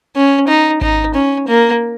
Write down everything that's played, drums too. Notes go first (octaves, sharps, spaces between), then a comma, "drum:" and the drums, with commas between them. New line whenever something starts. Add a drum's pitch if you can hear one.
C#4
D#4
D#4, drum: kick G#1
C#4
A#3